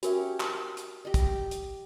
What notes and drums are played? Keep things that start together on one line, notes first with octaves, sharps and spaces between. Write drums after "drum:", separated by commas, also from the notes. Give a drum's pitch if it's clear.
C#4 F#4 G4 A#4 E5, drum: hi-hat
drum: clap
drum: hi-hat
G4 D#5
drum: kick, hi-hat
drum: hi-hat